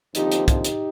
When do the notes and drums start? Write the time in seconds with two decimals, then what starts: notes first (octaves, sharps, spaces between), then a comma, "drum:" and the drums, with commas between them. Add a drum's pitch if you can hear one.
0.15 D#2 D3 F3 C4 D#4 G4, drum: hi-hat
0.32 drum: hi-hat
0.48 D#4 G4, drum: kick, hi-hat
0.65 drum: hi-hat